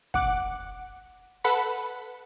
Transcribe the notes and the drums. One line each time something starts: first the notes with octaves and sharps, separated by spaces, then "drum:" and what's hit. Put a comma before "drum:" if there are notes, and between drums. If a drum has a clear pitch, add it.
F#5 D6, drum: kick
A4 B4 F#5 B5 B6